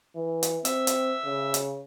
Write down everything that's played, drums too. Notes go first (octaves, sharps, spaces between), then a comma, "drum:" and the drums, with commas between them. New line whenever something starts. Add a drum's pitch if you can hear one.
E3
drum: hi-hat
C4 E5, drum: hi-hat
drum: hi-hat
C#3
drum: hi-hat